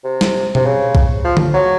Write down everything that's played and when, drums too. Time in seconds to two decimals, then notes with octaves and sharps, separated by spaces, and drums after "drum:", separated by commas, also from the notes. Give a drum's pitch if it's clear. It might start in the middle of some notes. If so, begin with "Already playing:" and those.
0.04 C3
0.21 drum: snare
0.55 C3, drum: tom B2
0.65 C#3
0.95 drum: kick B1
1.24 F3
1.37 drum: tom D3
1.54 F#3